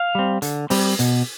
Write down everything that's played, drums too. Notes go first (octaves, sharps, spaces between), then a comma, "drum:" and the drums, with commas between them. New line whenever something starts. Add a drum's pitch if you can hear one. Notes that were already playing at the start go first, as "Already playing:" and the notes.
Already playing: F5
G3 C4
D3, drum: hi-hat
G3 C4, drum: open hi-hat
B2, drum: hi-hat